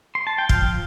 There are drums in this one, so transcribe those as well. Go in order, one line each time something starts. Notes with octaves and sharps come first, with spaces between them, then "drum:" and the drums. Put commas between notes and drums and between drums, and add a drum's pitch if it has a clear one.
C6
A5
G5
F3 F5, drum: kick